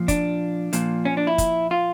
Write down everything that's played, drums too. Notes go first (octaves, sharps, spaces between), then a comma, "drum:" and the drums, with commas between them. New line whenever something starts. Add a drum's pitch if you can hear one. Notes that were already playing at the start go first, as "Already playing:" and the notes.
Already playing: A#2 F3
D4, drum: kick, hi-hat
A#2 F3, drum: hi-hat
C#4
D4
E4
drum: kick, hi-hat
F4